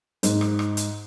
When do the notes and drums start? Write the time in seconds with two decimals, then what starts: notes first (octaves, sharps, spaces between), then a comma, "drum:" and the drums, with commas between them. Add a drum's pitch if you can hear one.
0.23 G#2, drum: hi-hat
0.41 drum: rim click
0.59 drum: rim click
0.77 drum: hi-hat